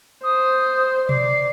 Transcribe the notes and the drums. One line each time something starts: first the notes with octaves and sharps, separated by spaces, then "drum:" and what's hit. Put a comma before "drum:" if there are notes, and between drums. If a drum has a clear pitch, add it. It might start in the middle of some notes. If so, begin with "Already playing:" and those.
C5 D#6
D5 C7, drum: tom B2